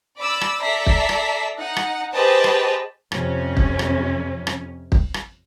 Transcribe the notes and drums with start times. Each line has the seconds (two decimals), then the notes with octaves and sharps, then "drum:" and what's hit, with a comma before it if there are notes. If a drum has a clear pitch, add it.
0.20 D5 B5 D6 E6
0.41 drum: rim click
0.63 A4 D5 E5 A#5 B6 C7
0.86 drum: kick
1.09 drum: rim click
1.57 D#4 F#5
1.76 drum: rim click
2.13 G4 G#4 B4 C5 D#5 A5
2.44 drum: rim click
3.12 F2 C3 C#4, drum: rim click
3.57 drum: kick
3.79 drum: rim click
4.47 drum: rim click
4.92 drum: kick
5.14 drum: rim click